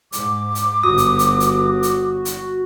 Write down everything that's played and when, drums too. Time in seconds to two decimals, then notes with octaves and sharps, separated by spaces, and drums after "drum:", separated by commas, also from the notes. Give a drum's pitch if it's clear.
0.12 G#2 D6, drum: hi-hat
0.55 drum: hi-hat
0.83 G1 F#4 D#6
0.98 drum: hi-hat
1.19 drum: hi-hat
1.40 drum: hi-hat
1.83 drum: hi-hat
2.25 drum: hi-hat